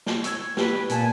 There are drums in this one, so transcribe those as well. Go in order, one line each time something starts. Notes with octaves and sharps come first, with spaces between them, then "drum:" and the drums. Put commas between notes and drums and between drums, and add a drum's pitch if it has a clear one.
drum: snare
C#6 E6 G#6, drum: hi-hat
G4 B4, drum: snare
A#2 G#5 A5, drum: hi-hat